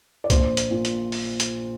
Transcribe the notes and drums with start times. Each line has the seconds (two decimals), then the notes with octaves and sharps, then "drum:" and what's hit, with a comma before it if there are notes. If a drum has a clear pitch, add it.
0.24 D5
0.30 A#1 C5, drum: kick C2, hi-hat
0.57 drum: hi-hat
0.71 A#2
0.85 drum: hi-hat
1.12 drum: open hi-hat
1.40 drum: hi-hat